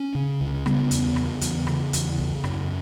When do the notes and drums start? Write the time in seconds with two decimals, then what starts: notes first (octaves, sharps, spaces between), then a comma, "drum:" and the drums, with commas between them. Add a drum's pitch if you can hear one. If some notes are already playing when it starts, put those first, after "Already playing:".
Already playing: C#4
0.15 C#3
0.41 C#2
0.66 C#3 G3 B3, drum: rim click
0.91 E2, drum: hi-hat
1.16 C#3, drum: rim click
1.41 E2, drum: hi-hat
1.67 C#3, drum: rim click
1.93 E2, drum: hi-hat
2.19 C#3, drum: kick
2.44 F#2, drum: rim click